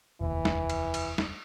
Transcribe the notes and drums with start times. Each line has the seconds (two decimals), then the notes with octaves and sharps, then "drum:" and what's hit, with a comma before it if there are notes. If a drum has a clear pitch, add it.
0.21 F1 D#2 E3
0.45 drum: snare
0.70 drum: cymbal
0.94 drum: cymbal
1.18 drum: snare